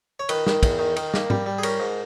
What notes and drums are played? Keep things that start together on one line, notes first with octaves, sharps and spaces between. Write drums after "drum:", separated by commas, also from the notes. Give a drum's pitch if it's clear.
C#5
D#3 B4, drum: cymbal
D#3, drum: snare
E2, drum: kick, cymbal
D#3
D#3, drum: cymbal
A#3, drum: snare
G3, drum: tom G#2
G3
G#4
C#4 A#4, drum: cymbal
G#2